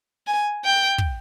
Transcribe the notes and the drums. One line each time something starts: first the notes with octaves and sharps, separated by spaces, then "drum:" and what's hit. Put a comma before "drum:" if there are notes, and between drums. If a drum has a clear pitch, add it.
G#5
G5
drum: kick